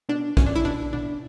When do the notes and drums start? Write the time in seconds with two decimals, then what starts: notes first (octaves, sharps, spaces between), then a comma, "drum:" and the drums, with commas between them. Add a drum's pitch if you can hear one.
0.09 B2 D4
0.37 B2 C#4, drum: kick
0.46 D4
0.56 E4
0.65 B2 D4
0.93 B2 D4